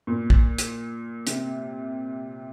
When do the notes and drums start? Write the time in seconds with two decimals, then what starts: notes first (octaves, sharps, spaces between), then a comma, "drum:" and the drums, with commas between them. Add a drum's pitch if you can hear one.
0.07 A#2
0.30 drum: kick
0.58 drum: hi-hat
1.27 C3, drum: hi-hat